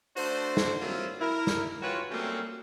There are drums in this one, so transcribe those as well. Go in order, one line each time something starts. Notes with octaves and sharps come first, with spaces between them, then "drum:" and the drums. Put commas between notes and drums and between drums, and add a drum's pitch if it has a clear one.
A3 D4 F#4 C5, drum: open hi-hat
drum: snare
F#3 G3 A#3 C4 E4 F4
E4 A#4
drum: snare
G#3 F4 F#4 B4 C#5 G5
F#3 G3 A3 A#3 C4 C#4